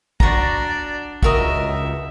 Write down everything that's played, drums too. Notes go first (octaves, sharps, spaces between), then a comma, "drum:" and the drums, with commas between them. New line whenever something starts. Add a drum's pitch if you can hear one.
D4 F#4 D5 A#5, drum: kick
C#2 F#4 A#4 D#5 E5, drum: kick